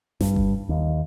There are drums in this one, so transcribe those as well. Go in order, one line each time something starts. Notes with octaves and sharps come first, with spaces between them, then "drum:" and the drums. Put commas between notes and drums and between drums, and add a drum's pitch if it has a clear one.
G2, drum: snare A1
drum: kick G1
D#2